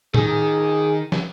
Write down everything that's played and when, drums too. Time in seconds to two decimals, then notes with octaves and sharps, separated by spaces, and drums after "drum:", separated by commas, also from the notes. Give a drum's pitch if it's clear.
0.14 D#3 G#4, drum: tom A2
1.12 drum: snare